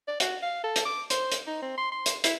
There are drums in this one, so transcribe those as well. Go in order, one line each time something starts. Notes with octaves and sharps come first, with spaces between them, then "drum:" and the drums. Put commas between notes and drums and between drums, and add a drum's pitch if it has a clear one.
D5
F#4, drum: hi-hat
F5
A4
drum: hi-hat
D6
C5, drum: hi-hat
drum: hi-hat
D#4
C4
C6
C6
drum: hi-hat
E4, drum: hi-hat